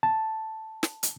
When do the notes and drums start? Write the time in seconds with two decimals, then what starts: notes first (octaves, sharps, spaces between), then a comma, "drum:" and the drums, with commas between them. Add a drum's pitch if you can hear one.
0.03 A5
0.83 drum: snare
1.03 drum: hi-hat